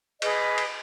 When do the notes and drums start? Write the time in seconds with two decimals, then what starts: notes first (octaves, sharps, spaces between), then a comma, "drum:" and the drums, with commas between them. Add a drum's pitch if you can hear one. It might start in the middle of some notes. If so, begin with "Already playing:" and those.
0.22 G#4 B4 D#5, drum: cymbal
0.58 drum: cymbal